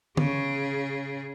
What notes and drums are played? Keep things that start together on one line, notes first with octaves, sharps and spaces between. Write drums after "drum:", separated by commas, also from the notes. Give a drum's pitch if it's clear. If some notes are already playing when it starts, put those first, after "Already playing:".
C#3 G#4, drum: tom D3